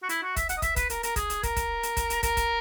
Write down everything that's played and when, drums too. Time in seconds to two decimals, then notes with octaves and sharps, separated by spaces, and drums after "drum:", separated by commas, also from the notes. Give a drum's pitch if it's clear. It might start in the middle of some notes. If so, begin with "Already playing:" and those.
0.03 F#4
0.09 E4, drum: hi-hat
0.22 F#4
0.36 E5, drum: kick, hi-hat
0.49 F#5, drum: hi-hat
0.57 D#5
0.62 E5, drum: kick, hi-hat
0.76 B4, drum: kick, hi-hat
0.90 A#4, drum: hi-hat
1.03 A#4, drum: hi-hat
1.16 G#4, drum: kick, hi-hat
1.30 drum: hi-hat
1.43 A#4, drum: kick, hi-hat
1.56 drum: kick, hi-hat
1.83 drum: hi-hat
1.97 drum: kick, hi-hat
2.10 drum: hi-hat
2.23 A#4, drum: kick, hi-hat
2.37 drum: kick, hi-hat